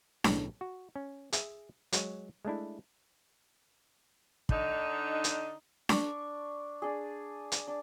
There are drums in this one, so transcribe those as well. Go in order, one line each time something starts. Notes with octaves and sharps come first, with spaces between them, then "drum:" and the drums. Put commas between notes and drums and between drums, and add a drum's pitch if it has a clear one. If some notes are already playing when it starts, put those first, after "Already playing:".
B1 A2 C#3, drum: snare D4
F#4
C#4
G#4 E5 G#5, drum: hi-hat
F#3 G#3 C#5, drum: hi-hat
G#3 A3 D4 E4
D3 D4 D#4, drum: kick
drum: hi-hat
D4 C#6, drum: snare D4
D4 G#4
drum: hi-hat
D4